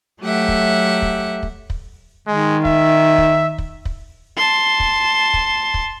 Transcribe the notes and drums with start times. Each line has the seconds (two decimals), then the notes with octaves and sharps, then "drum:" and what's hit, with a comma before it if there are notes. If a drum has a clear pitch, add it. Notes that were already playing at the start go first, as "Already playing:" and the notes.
0.21 F#3 A3 G4 E5 F#5
0.48 drum: kick
1.02 drum: kick
1.43 drum: kick
1.70 drum: kick
2.27 D#3 G#3
2.65 E5, drum: kick
3.18 drum: kick
3.58 drum: kick
3.85 drum: kick
4.37 A5 C6
4.80 drum: kick
5.34 drum: kick
5.74 drum: kick